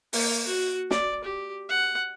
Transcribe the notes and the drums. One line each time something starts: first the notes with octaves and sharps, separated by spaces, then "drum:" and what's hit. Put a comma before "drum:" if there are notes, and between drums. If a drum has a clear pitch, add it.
A#3, drum: open hi-hat
F#4
D5, drum: snare
G4
F#5